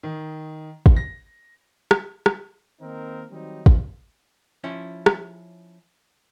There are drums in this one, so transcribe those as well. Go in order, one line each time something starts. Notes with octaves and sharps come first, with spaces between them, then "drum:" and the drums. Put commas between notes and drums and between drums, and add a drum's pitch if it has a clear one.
D#3
drum: kick
A#6
drum: rim click
drum: rim click
D#3 A#3 C4 D#4 A#4
D#3 F#3 G3 C4 D#4
drum: kick
F3 C#4 E4 C#5
drum: rim click